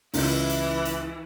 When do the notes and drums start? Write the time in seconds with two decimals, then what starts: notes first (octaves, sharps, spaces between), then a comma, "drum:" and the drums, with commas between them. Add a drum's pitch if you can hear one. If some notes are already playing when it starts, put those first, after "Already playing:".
0.14 C#2 E3 E4, drum: open hi-hat
0.49 drum: hi-hat
0.85 drum: hi-hat